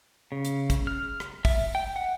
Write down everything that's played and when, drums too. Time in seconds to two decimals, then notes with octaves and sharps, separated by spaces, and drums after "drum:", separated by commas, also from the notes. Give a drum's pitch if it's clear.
0.32 C#3
0.45 drum: hi-hat
0.70 drum: kick, hi-hat
0.87 F6
1.20 drum: rim click
1.45 E5, drum: kick, open hi-hat
1.75 G5
1.96 F#5